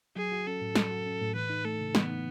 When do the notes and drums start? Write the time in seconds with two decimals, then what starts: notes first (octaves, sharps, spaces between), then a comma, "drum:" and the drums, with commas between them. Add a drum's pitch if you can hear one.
0.16 F#3 G#4
0.32 F#4
0.46 C#4 A4
0.61 A2
0.75 F#3, drum: snare
0.91 F#4
1.06 C#4
1.21 A2
1.35 E3 B4
1.50 D#4
1.65 A3 A4
1.80 C#3
1.95 E3 B3, drum: snare
2.09 D#4